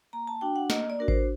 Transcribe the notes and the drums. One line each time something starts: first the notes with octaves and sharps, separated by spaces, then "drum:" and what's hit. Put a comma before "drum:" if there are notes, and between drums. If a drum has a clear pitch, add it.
A#3 A#5
A5
D4 F#4 G5
F#5
A#3 D#5, drum: snare
D5
D4 F#4 A#4
C5, drum: kick G#1